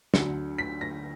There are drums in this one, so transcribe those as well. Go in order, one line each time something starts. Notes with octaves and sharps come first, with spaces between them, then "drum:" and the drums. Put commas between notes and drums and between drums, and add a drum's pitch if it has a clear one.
D2 D3 F#3 C#7, drum: snare
B6
A#6